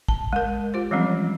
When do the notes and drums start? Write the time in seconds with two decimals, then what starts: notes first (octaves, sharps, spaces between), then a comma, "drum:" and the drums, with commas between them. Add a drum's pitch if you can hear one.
0.08 A5, drum: kick
0.33 G#3 A#4
0.74 F4 G4 C5
0.91 E3 F3 G3 G#3 C4 C#4